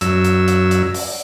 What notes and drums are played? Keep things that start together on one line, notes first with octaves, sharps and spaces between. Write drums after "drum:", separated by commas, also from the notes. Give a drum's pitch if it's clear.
F#2 E6, drum: hi-hat
drum: hi-hat
drum: hi-hat
drum: hi-hat
drum: open hi-hat